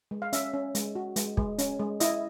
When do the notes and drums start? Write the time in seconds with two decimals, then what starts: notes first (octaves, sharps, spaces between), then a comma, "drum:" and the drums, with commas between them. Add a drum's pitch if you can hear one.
0.11 G#3
0.22 F5
0.33 C#4 E5, drum: hi-hat
0.53 C#4
0.75 G#3, drum: hi-hat
0.95 F#4
1.16 G#3, drum: hi-hat
1.37 G#3, drum: kick
1.58 C#4, drum: hi-hat
1.79 G#3
2.00 E4 D#5, drum: hi-hat